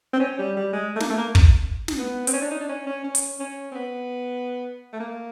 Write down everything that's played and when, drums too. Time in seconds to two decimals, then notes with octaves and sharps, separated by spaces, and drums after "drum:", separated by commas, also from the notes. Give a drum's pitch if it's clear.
0.13 C4
0.20 C#4
0.39 G3
0.57 G3
0.73 G#3
0.96 A3
1.00 A#3, drum: snare
1.10 A3
1.18 A#3
1.35 drum: kick
1.88 drum: snare
1.98 B3
2.27 C4, drum: hi-hat
2.33 C#4
2.42 D4
2.51 D#4
2.61 D4
2.69 C#4
2.87 C#4
3.04 C#4
3.15 drum: hi-hat
3.40 C#4
3.72 C4
3.75 B3
4.93 A3
5.00 A#3